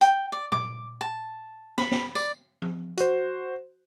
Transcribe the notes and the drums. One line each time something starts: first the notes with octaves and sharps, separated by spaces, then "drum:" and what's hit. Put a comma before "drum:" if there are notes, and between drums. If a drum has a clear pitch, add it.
G5, drum: hi-hat
D5
D6, drum: tom A#2
A5
B5, drum: snare
drum: snare
D5, drum: tambourine
drum: tom F3
F#4 C5, drum: hi-hat